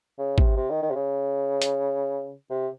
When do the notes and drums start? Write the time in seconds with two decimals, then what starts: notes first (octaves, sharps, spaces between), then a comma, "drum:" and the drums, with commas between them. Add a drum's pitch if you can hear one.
0.18 C#3
0.38 C3, drum: kick
0.56 C3
0.70 D#3
0.83 D#3
0.91 C3
0.95 C#3
1.62 drum: hi-hat
2.50 C3